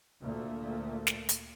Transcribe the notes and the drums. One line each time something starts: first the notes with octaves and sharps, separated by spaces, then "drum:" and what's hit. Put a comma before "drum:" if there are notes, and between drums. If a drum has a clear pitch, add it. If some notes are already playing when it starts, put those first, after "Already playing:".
D2 A#2 A3 A#3
drum: snare
drum: hi-hat